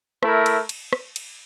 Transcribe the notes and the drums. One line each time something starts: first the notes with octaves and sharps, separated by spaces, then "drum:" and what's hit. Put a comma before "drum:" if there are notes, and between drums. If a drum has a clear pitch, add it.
A3 E4 A#4, drum: rim click
drum: cymbal
drum: cymbal
drum: rim click
drum: cymbal